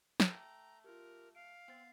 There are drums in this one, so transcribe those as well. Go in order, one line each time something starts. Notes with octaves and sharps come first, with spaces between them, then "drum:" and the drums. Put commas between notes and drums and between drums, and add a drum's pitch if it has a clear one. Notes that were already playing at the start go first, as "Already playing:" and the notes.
A3 G5 A#5, drum: snare
F4 G4 A#4
F5 D7
B3 C4 A6